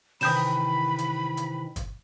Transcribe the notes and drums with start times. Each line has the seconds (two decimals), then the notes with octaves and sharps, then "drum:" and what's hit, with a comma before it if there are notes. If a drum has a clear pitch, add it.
0.21 C3 D#3 E3 B5 D#6 G6 E7, drum: open hi-hat
0.98 drum: hi-hat
1.37 drum: hi-hat
1.76 drum: kick, hi-hat